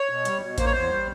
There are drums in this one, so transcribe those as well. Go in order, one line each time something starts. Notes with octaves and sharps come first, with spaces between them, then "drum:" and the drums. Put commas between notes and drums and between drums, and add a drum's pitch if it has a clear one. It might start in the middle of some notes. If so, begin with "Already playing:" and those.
Already playing: C#5
B2
G3, drum: hi-hat
B2
A#3 C5, drum: kick A1, hi-hat
C#5
E2 C5
G3